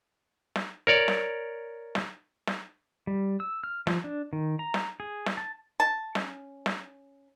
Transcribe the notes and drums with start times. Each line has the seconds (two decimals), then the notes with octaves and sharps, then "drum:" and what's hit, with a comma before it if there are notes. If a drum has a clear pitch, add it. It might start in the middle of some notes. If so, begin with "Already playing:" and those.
0.56 drum: snare
0.87 A#4 C#5 D5
1.08 drum: snare
1.95 drum: snare
2.47 drum: snare
3.07 G3
3.40 E6
3.64 F6
3.87 F3, drum: snare
4.04 D4
4.33 D#3
4.59 A#5
4.74 drum: snare
5.00 G#4
5.26 drum: snare
5.37 A5
5.80 A5
6.15 C#4, drum: snare
6.66 drum: snare